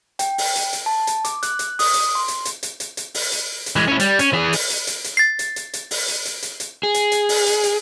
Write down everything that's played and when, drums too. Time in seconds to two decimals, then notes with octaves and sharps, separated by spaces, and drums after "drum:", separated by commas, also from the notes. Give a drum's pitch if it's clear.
0.19 G5, drum: hi-hat
0.38 drum: open hi-hat
0.55 drum: hi-hat
0.73 drum: hi-hat
0.86 A5
1.07 drum: hi-hat
1.25 D6, drum: hi-hat
1.43 F#6, drum: hi-hat
1.59 drum: hi-hat
1.79 D#6, drum: open hi-hat
1.94 drum: hi-hat
2.15 C6
2.28 drum: hi-hat
2.45 drum: hi-hat
2.63 drum: hi-hat
2.80 drum: hi-hat
2.97 drum: hi-hat
3.14 drum: open hi-hat
3.32 drum: hi-hat
3.66 drum: hi-hat
3.76 E3 G#3
3.88 C#4 E4
4.00 G3, drum: hi-hat
4.19 C#4, drum: hi-hat
4.33 E3 G#4
4.53 drum: open hi-hat
4.70 drum: hi-hat
4.87 drum: hi-hat
5.04 drum: hi-hat
5.17 A6 C7
5.39 drum: hi-hat
5.56 drum: hi-hat
5.73 drum: hi-hat
5.91 drum: open hi-hat
6.08 drum: hi-hat
6.25 drum: hi-hat
6.43 drum: hi-hat
6.60 drum: hi-hat
6.83 G#4
6.94 drum: hi-hat
7.12 drum: hi-hat
7.29 drum: open hi-hat
7.46 drum: hi-hat
7.63 drum: hi-hat